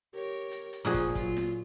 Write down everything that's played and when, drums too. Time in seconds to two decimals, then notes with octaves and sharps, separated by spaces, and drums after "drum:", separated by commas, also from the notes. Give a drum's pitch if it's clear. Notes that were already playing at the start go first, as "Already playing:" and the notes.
0.14 G4 A#4 C#5
0.51 drum: hi-hat
0.73 drum: hi-hat
0.85 A#2 F3 F#4 G#4
0.94 drum: kick, hi-hat
1.15 F#3 F4, drum: kick, hi-hat
1.37 drum: snare